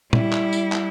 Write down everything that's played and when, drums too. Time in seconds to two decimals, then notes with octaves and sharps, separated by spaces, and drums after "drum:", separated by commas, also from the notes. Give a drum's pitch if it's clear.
0.13 G3 E4, drum: tom A#2
0.33 drum: clap
0.53 drum: tambourine
0.72 drum: clap